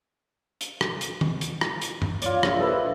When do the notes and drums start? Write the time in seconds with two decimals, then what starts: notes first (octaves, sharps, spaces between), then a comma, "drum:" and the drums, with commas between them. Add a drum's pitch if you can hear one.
0.61 drum: hi-hat
0.81 drum: rim click
1.01 drum: hi-hat
1.21 drum: tom D#3
1.41 drum: hi-hat
1.61 drum: rim click
1.82 drum: hi-hat
2.02 drum: tom G2
2.22 F4 C#5 D5, drum: hi-hat
2.43 A#1 E5, drum: rim click
2.59 E4 F4 G4 A4 B4 D#5